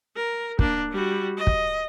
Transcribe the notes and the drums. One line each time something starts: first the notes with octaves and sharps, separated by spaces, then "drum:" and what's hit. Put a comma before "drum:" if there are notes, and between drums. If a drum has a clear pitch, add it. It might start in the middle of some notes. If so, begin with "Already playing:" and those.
A#4
A#3 D4, drum: kick
G3 F#4
D#5
drum: kick